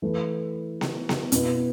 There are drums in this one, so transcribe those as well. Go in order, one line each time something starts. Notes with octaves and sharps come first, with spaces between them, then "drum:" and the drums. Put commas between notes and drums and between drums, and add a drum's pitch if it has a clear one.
E3 A3 E4 B4
drum: snare B3
drum: snare B3
B2 B3 E4 B4, drum: hi-hat